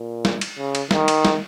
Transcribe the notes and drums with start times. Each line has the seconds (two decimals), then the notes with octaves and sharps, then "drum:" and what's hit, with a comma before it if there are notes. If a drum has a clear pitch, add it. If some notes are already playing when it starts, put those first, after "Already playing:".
Already playing: A#2
0.25 drum: snare
0.41 drum: cymbal
0.59 C#3
0.75 drum: cymbal
0.91 D#3, drum: snare
1.08 drum: cymbal
1.25 drum: snare